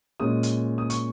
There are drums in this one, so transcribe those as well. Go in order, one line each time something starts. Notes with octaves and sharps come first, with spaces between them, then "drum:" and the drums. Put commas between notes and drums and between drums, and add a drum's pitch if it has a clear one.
A#2 G#3 C#4 D#6
drum: hi-hat
D#6
C#6, drum: hi-hat